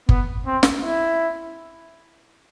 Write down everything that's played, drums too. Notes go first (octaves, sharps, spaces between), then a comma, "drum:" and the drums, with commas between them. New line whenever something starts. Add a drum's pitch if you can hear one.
B3, drum: kick G1
C4
drum: snare
E4